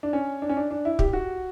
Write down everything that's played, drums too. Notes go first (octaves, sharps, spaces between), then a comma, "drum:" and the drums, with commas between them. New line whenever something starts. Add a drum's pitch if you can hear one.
D4
C#4
D4
C#4
D4
D4
E4
G4, drum: kick
F#4